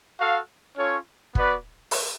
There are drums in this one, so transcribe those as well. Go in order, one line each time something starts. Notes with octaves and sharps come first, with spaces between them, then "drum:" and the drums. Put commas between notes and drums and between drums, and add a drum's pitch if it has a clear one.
F#4 A4 F5
C#4 F4 A4 C#5
B3 F#4 B4 D5, drum: kick
drum: open hi-hat